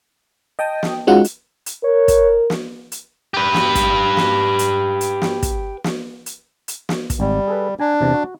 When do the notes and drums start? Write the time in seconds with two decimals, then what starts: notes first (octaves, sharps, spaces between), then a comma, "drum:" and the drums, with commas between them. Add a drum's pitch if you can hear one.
0.59 D#5 G5 A5 D#6
0.83 drum: snare
1.07 G#3 C#4 D#4 F4 F#4 F#5
1.24 drum: hi-hat
1.66 drum: hi-hat
1.84 A#4 C#5
2.08 drum: kick, hi-hat
2.50 drum: snare
2.92 drum: hi-hat
3.34 G4 B4
3.54 drum: snare
3.75 drum: kick, hi-hat
4.17 drum: snare
4.59 drum: hi-hat
5.01 drum: hi-hat
5.22 drum: snare
5.43 drum: kick, hi-hat
5.84 drum: snare
6.26 drum: hi-hat
6.68 drum: hi-hat
6.89 drum: snare
7.10 drum: kick, hi-hat
7.20 G#1 G3
7.48 G#4 A4 B4
7.80 D4 G#5 A#5
8.01 E2 C3 A5
8.14 F#4